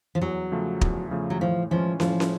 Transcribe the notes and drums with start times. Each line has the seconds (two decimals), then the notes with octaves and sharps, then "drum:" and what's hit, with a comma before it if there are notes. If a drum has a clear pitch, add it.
0.15 F3
0.22 E2 F#3
0.52 C#3 F3 A3
0.81 E2, drum: kick
1.11 C#3 F3 A3
1.30 F#3
1.41 A2 F3
1.71 E3 F3 G#3 C#4 F4
2.00 A2 F3, drum: snare
2.20 drum: snare